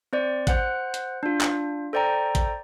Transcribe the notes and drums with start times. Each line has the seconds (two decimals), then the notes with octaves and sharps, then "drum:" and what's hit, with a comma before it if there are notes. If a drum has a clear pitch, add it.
0.13 C4 C5 D5
0.47 C5 F#5 F#6, drum: kick A1, hi-hat
0.94 drum: hi-hat
1.23 D4 F4
1.41 drum: clap
1.93 A4 C5 D5 G5 A#5
2.35 drum: kick A1, hi-hat